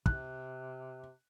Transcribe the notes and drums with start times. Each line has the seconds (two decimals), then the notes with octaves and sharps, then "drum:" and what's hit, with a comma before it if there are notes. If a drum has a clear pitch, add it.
0.06 C3 F#6, drum: kick